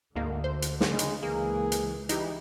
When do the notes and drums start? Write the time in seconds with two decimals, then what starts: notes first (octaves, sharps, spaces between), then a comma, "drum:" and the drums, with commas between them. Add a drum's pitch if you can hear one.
0.15 D2 G#2 D3 A#3
0.44 C5
0.62 drum: hi-hat
0.81 drum: snare
0.90 C#3 G#3
0.99 drum: hi-hat
1.23 C#2 E3 A#3 G#4
1.72 drum: hi-hat
2.09 E3 D#4 G4, drum: hi-hat